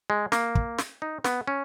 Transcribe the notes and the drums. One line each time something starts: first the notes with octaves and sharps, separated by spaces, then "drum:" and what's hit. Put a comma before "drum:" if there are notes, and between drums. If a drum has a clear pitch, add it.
G#3
A#3, drum: snare
drum: kick
drum: snare
D#4
B3, drum: snare
C#4